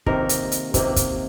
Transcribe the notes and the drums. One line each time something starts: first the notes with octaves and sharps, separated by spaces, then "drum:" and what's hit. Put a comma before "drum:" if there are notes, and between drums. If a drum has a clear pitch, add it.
C3 D#3 A#3 A#4, drum: kick
drum: hi-hat
drum: hi-hat
C3 D#3 A#3, drum: kick, hi-hat
drum: kick, hi-hat